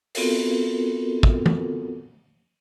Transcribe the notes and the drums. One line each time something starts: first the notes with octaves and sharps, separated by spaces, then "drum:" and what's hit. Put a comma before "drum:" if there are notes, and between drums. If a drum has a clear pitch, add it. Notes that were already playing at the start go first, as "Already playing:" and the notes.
B3 C4 F4 F#4 A4 A#4, drum: open hi-hat
drum: kick
drum: tom